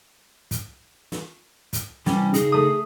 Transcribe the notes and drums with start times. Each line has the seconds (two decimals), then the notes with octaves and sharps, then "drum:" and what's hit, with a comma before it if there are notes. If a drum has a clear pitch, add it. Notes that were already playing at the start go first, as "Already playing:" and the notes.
0.51 drum: kick, hi-hat
1.12 drum: snare
1.73 drum: kick, hi-hat
2.06 C3 E3 G3 C#4, drum: snare
2.34 C#3 D#4 G#4, drum: hi-hat
2.52 A3 D#6